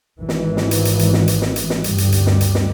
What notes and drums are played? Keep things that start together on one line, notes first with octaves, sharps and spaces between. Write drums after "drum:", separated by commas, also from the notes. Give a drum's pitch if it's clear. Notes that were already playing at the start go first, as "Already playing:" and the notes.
G#1 E3
drum: snare
drum: snare
drum: hi-hat
drum: hi-hat
drum: hi-hat
drum: snare
drum: hi-hat
drum: snare
drum: hi-hat
drum: snare
D2 G2 G3, drum: hi-hat
drum: hi-hat
drum: hi-hat
drum: snare
drum: hi-hat
drum: snare